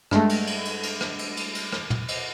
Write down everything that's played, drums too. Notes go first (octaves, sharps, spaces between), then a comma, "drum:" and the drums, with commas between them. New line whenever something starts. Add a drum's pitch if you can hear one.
G2 G#3 A3, drum: rim click
drum: cymbal
drum: cymbal
drum: cymbal
drum: cymbal
drum: rim click
drum: cymbal
drum: cymbal
drum: cymbal
drum: rim click
drum: tom
drum: cymbal